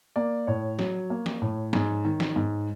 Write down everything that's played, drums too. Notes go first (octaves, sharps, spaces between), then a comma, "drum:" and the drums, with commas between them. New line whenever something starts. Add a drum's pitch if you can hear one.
A#3 D5
A2 C#5
F#3, drum: snare
A#3
drum: snare
A2
G#2, drum: snare
D#3
drum: snare
G#2